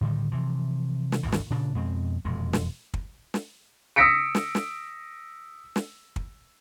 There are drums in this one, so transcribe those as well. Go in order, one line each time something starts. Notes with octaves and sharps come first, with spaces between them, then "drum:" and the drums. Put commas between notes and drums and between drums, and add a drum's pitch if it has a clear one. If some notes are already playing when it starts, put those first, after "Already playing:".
A2 D3 D#3 G3
C3 E3 F3
drum: snare
G#1 D2 E3
drum: snare
A#2 C#3 D4
F2 B2 G#3 C4
E1 F2 A#2 G#3
drum: snare
drum: kick
drum: snare
D#6 E6 A#6 B6 C#7 D7
drum: snare
drum: snare
drum: snare
drum: kick